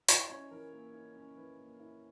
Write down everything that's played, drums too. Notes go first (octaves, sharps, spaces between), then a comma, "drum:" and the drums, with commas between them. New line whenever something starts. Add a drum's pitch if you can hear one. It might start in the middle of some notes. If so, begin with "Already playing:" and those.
E4 D#5, drum: hi-hat
C#4 C#5
E3 A#4
A#3
E4
C#4
E3 B4
A#3
E4